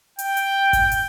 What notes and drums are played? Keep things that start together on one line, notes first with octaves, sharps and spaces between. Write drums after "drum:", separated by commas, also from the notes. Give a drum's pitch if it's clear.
G5, drum: hi-hat
drum: hi-hat
drum: kick G#1, hi-hat
drum: hi-hat